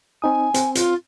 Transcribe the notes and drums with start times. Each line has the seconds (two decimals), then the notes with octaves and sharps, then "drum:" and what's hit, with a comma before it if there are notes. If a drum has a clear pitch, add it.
0.22 C4 D#4 G#5 D#6
0.54 C4, drum: hi-hat
0.75 F4, drum: hi-hat